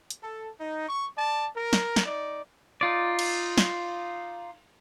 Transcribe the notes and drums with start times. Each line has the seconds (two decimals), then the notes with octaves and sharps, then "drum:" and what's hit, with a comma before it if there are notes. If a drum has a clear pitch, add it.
0.10 drum: hi-hat
0.22 A4
0.60 D#4
0.88 C#6
1.18 D5 A5
1.55 A#4
1.73 drum: snare
1.96 drum: snare
2.06 D#4 D5
2.81 D#4 F4 D5
3.19 drum: cymbal
3.58 drum: snare